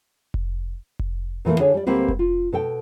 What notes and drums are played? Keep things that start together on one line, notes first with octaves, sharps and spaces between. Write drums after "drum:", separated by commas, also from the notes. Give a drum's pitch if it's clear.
drum: kick F1
drum: kick F1
A#2 E3 A3 A#3
D3 D4 G#4 C#5 G#5
G3 D5
D2 G3 A#3 C4 B4
drum: kick F1
F4
B2 A4 G5